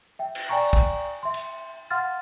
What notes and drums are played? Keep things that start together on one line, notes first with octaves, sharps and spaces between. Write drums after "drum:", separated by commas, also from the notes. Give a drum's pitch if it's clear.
E5 G5
drum: cymbal
D5 G5 G#5 A#5 C#6
drum: kick
E5 C6
drum: cymbal
F5 F#5 C6 F6 A6